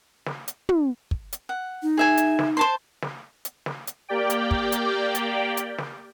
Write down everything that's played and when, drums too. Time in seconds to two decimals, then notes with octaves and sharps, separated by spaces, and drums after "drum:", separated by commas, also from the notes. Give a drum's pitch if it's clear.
0.26 drum: snare
0.48 drum: hi-hat
0.69 drum: tom
1.11 drum: kick
1.33 drum: hi-hat
1.49 F#5
1.83 D#4
1.97 G#4 E5 G#5
2.17 drum: hi-hat
2.39 drum: snare
2.57 C5 A5 C6
3.02 drum: snare
3.45 drum: hi-hat
3.66 drum: snare
3.87 drum: hi-hat
4.09 A#3 G4 D5 G5
4.30 drum: hi-hat
4.51 drum: kick
4.72 drum: hi-hat
5.15 drum: hi-hat
5.57 drum: hi-hat
5.78 drum: snare